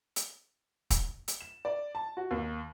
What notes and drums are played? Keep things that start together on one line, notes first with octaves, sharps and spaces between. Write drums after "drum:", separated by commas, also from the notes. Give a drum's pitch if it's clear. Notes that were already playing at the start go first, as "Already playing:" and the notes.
drum: hi-hat
drum: kick, hi-hat
drum: hi-hat
E7
D5
A5
F#4
D#2